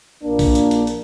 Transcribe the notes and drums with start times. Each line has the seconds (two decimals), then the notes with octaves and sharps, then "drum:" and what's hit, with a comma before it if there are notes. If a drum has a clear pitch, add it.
0.23 A#1 A#2 A#3 D4
0.39 drum: kick A#1, open hi-hat
0.55 drum: hi-hat
0.71 drum: hi-hat
0.87 drum: hi-hat